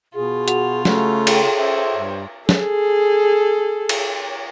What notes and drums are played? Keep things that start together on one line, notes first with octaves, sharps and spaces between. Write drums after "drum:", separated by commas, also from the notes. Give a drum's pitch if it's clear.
B2 F4 G#4
F#4 F#5 F7, drum: hi-hat
C#3 A3, drum: snare
G#4 A4 G5, drum: cymbal
C#4 C5 C#5 E5
G2
G#4 A4, drum: snare
drum: cymbal